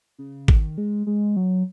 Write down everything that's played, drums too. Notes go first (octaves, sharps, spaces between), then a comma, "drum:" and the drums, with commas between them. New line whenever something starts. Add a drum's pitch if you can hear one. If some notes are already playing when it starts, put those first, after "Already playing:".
C#3
D#3, drum: kick
G#3
G#3
F#3